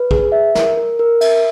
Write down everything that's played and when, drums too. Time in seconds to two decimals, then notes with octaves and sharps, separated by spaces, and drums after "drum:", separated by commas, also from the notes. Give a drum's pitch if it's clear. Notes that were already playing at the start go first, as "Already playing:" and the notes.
Already playing: B4
0.11 G#4, drum: kick
0.32 E5
0.55 A#4, drum: snare
0.77 A#4
0.99 A#4
1.21 E5, drum: cymbal